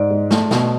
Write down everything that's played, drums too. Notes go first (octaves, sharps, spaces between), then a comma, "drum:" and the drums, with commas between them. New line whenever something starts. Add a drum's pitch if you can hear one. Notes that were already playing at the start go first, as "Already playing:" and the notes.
Already playing: G#2 D5
G#3
A3, drum: snare
B2, drum: snare